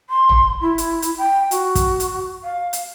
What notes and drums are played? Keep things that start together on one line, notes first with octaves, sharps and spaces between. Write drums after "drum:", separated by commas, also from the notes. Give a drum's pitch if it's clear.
C6
drum: tom
E4
drum: hi-hat
drum: hi-hat
G5
F#4, drum: hi-hat
drum: kick, hi-hat
drum: hi-hat
F5
drum: hi-hat